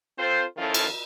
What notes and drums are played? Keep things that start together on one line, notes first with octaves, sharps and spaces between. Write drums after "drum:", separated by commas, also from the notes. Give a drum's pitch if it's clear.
C4 F4 A4 C5
D#3 F3 C#4 E4 F4 A4
drum: cymbal